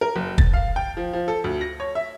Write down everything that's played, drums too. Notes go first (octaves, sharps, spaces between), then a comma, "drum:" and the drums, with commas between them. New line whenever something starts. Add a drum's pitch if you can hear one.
A#4
F#1
A6, drum: kick
F5
G5
F3
F3
A4
D2
A#6
C#5
E5